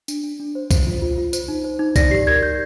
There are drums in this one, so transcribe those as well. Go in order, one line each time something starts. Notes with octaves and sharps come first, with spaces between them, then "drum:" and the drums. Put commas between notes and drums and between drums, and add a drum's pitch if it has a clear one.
D4, drum: tambourine
D4
D4
C5
C5, drum: kick, tambourine
F4
F4
F4
C5, drum: tambourine
D#4
C5
D#4
D5 A#6, drum: kick, tambourine
G4 C7
A#4 G#6
G4 G6